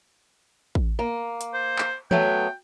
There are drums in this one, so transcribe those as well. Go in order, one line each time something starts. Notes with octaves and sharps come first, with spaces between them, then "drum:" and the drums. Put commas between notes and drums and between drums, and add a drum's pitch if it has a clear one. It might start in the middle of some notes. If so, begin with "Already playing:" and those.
drum: kick A1
A#3
drum: hi-hat
C5
drum: clap
F#3 A3 B3 G5, drum: tom E3